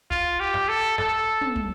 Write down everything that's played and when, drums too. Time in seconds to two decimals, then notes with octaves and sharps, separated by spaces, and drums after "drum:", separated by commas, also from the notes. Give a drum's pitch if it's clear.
0.11 F4, drum: kick
0.40 G4
0.54 drum: snare
0.69 A4
0.98 A4, drum: snare
1.41 drum: tom
1.56 drum: kick